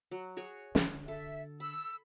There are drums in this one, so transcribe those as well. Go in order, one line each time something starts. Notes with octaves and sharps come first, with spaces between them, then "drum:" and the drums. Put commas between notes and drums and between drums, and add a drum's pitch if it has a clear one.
F#3
F#4 G#4 C#5
D3, drum: snare
A4 E5
B5 E6